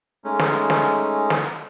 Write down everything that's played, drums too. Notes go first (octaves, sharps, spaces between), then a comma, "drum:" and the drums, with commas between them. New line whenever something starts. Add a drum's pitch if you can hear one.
G#3 A3 C#4 D#4
drum: snare
drum: snare
drum: snare